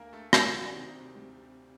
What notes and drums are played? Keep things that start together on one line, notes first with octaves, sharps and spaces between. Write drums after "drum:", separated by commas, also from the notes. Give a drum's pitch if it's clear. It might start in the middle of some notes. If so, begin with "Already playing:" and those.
Already playing: D2 A#3 A#4
A3 A4
D2 G3 G4, drum: rim click
F#3 F#4
D4
C3 D#3 D#4
G3